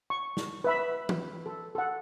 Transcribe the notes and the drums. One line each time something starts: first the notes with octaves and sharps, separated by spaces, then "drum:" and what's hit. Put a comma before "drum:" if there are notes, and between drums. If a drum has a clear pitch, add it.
C#6
drum: snare
B4 E5 B5
drum: tom
A4
A4 F#5